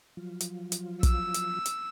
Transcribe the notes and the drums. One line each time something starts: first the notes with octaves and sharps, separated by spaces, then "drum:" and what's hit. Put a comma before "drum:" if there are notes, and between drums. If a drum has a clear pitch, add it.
F3 F#3 F4
drum: hi-hat
drum: hi-hat
E6, drum: kick, hi-hat
drum: hi-hat
drum: hi-hat